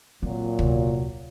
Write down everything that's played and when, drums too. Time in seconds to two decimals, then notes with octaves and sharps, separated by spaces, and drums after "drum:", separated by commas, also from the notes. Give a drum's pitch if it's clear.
0.23 A#2 F#3 C4
0.59 E2 C3, drum: kick